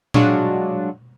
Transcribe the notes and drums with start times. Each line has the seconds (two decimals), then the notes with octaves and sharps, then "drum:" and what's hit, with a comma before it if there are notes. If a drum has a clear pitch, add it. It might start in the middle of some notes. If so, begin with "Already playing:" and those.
0.14 F#3 G#3 D4 F4 F#4, drum: tom A#2